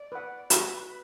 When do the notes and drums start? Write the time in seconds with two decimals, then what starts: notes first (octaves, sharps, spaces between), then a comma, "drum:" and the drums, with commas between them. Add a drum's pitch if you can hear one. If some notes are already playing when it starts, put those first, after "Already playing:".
Already playing: D5
0.12 B4 F#5
0.50 F#4 B4, drum: hi-hat